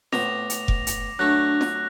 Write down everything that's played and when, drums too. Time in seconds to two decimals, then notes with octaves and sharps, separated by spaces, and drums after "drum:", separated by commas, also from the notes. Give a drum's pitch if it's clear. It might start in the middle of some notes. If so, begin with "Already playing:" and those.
0.13 A2 B3 C5 D6 A#6 F7, drum: snare
0.50 drum: hi-hat
0.68 drum: kick F1
0.87 drum: hi-hat
1.19 F#3 A3 D4 A4 F#6 A#6
1.61 drum: snare